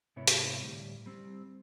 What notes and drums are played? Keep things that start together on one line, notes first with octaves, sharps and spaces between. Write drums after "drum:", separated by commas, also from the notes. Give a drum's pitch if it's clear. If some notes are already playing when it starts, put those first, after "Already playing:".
G#2 C3 B3 E4 C#5
drum: hi-hat
D2 A2 G3
G3 C4